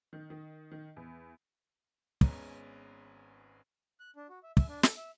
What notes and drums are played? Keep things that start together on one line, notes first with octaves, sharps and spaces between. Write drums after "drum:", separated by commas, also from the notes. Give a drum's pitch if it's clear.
D#3
D#3
D#3
E2
G#1 G#3 B3 C#4 A#5, drum: kick
F#6
D4
F#4
E5
E5, drum: kick
D4
A4, drum: snare
E5